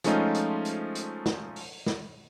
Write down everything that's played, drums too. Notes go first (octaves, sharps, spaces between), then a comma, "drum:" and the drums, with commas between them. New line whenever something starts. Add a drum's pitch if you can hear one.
F3 G#3 A3 C#4 D#4 F4, drum: hi-hat
drum: hi-hat
drum: hi-hat
drum: hi-hat
drum: snare
drum: open hi-hat
drum: snare